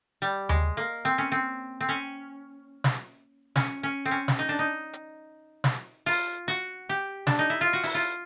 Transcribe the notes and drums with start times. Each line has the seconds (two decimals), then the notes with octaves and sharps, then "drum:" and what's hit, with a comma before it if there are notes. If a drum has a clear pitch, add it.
0.22 G3
0.49 G#3, drum: tom D#2
0.77 A#3
1.05 C4
1.18 C#4
1.32 C4
1.81 C4
1.89 C#4
2.84 drum: snare
3.56 C#4, drum: snare
3.83 C#4
4.06 C4
4.11 C#4
4.28 drum: snare
4.39 D#4
4.49 D4
4.59 D#4
4.93 drum: hi-hat
5.64 drum: snare
6.06 F4, drum: open hi-hat
6.48 F#4
6.89 G4
7.27 D4, drum: snare
7.39 D#4
7.50 E4
7.61 F4
7.73 F#4
7.84 E4, drum: open hi-hat
7.94 F4